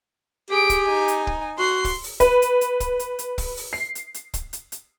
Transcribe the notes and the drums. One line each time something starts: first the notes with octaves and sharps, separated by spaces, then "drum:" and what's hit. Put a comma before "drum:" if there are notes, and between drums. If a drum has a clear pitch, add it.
G4 G#4 D7
drum: kick, hi-hat
D#4 G#5
drum: hi-hat
drum: kick
F#4 C6 C7
drum: kick, open hi-hat
drum: open hi-hat
B4, drum: kick, hi-hat
drum: hi-hat
drum: hi-hat
drum: kick, hi-hat
drum: hi-hat
drum: hi-hat
drum: kick, open hi-hat
drum: open hi-hat
C7
drum: hi-hat
drum: hi-hat
drum: kick, hi-hat
drum: hi-hat
drum: hi-hat